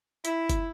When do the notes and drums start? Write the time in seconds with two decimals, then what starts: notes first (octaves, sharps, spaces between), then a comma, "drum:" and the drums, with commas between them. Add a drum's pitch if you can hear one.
0.25 E4, drum: hi-hat
0.49 drum: kick F#1, hi-hat